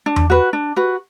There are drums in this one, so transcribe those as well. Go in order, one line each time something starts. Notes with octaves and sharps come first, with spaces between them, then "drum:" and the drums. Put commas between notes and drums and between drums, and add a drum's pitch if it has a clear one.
D4
drum: tom E2
F#4 B4
D4
F#4 B4